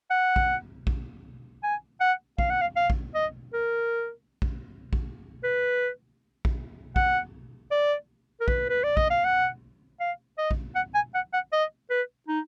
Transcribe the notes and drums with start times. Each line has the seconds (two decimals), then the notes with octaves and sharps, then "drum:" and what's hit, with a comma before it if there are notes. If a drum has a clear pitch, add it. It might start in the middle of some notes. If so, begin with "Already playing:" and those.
0.11 F#5
0.36 drum: kick A#1
0.87 drum: kick A#1
1.63 G#5
2.01 F#5
2.38 F5, drum: kick A#1
2.50 F#5
2.61 F5
2.76 F5
2.90 drum: kick A#1
3.15 D#5
3.54 A#4
4.42 drum: kick A#1
4.93 drum: kick A#1
5.44 B4
6.45 drum: kick A#1
6.96 F#5, drum: kick A#1
7.71 D5
8.41 A#4
8.48 B4, drum: kick A#1
8.69 B4
8.84 D5
8.97 D#5, drum: kick A#1
9.10 F5
9.24 F#5
10.00 F5
10.38 D#5
10.51 drum: kick A#1
10.76 F#5
10.94 G#5
11.15 F#5
11.34 F#5
11.53 D#5
11.90 B4
12.29 D#4